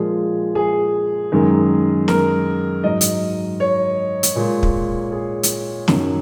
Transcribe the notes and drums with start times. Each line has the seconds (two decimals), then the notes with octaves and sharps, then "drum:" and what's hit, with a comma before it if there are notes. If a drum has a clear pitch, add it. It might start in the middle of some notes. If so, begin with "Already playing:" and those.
Already playing: A#2 F3 G#3 G#4
0.55 G#4
1.32 F#2 D#3 G#3
2.08 A#4, drum: snare
2.84 G#2 F#3 D#5
3.01 drum: hi-hat
3.60 C#5
4.23 drum: hi-hat
4.35 A#2 G#3
4.63 drum: kick
5.12 G#4
5.43 drum: hi-hat
5.88 F#2 D#3 F#3, drum: snare